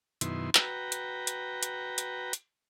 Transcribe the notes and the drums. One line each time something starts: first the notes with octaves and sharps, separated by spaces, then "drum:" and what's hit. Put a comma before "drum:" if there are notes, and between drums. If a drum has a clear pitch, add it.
F#2 B2 D#3 E4 C6, drum: hi-hat
F#4 B4 G5 A#5, drum: clap
drum: hi-hat
drum: hi-hat
drum: hi-hat
drum: hi-hat
drum: hi-hat